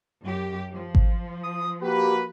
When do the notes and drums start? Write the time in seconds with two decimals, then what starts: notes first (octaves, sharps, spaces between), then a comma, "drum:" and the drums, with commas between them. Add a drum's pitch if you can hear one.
0.23 F#2 G4
0.73 F3
0.95 drum: kick G#1
1.43 D#6
1.82 A#3 F#4 G4 B4